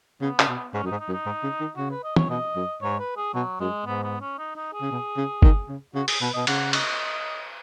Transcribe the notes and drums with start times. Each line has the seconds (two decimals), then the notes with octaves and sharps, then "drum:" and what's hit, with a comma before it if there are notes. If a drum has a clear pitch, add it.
0.21 C#3 B3
0.39 C#3, drum: clap
0.48 B2
0.73 G#2 C#4
0.84 F#2
0.86 D#4
0.91 G#2
1.00 D#4
1.08 F#2
1.13 D#4
1.26 G#2
1.43 C#3
1.60 D#3
1.77 C#3 F#4
1.91 B4
2.04 D#5
2.16 C#5, drum: tom
2.30 B2 D#5
2.56 F#2
2.82 G#2 C#5
2.99 B4
3.16 G#4
3.34 B2 F#3
3.60 F#2 G#3
3.86 G#2 B3
4.04 B3
4.21 C#4
4.38 D#4
4.56 D#4
4.73 G#4
4.81 C#3
4.91 B2
5.17 C#3
5.42 D#3, drum: kick G1
5.69 C#3
5.94 C#3 F#4
6.08 G#4, drum: open hi-hat
6.21 B2 B4
6.34 B2 D#5
6.47 C#3 F#5, drum: cymbal
6.73 D#5, drum: cymbal